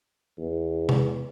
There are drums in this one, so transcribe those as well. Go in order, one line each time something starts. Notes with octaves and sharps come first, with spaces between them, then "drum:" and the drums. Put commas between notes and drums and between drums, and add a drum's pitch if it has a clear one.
E2
drum: tom C3